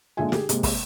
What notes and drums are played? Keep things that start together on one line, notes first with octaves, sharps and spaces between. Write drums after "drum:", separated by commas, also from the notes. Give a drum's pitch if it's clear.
A#2 D3 G#3 F4 E5 G#5
G4 G#4, drum: snare
C3 G#3 A#3, drum: hi-hat
drum: kick, open hi-hat